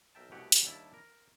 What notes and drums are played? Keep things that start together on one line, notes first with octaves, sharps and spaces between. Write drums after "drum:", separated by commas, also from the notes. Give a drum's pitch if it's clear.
B1 A#4 E5 G5 A5
C2 B2 A3 G4 F#5 G#5
drum: hi-hat
D#2 G3 D4 E4 A5
A#4